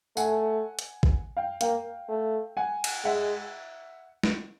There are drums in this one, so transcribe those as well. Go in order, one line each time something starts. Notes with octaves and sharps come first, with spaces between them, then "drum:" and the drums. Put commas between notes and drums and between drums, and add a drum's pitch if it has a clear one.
A3 F#5 G#5, drum: tambourine
drum: hi-hat
drum: kick A1
F5 G5
A#3 F5 G5, drum: hi-hat
A3
F#5 G#5
drum: cymbal
G#3 E5 F#5
drum: snare